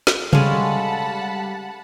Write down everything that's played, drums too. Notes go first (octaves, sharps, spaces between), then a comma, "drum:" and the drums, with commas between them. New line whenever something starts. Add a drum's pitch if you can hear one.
drum: snare
G3 G#3 C#4 A4 F5 F#5 A5 B5, drum: tom C3